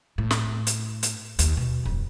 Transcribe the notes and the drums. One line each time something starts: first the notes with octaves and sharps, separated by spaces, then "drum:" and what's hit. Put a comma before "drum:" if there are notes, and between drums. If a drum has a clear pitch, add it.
A2
drum: snare
drum: hi-hat
drum: hi-hat
D#2, drum: hi-hat
B2
D1 F2